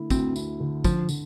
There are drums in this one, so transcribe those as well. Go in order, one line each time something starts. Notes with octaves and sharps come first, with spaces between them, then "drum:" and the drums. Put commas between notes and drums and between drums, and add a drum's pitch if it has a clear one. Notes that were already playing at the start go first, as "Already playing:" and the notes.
Already playing: D3 A3 E4
D2 C4, drum: kick, tambourine
E4, drum: tambourine
D3
D3 F3, drum: kick, tambourine
D3, drum: tambourine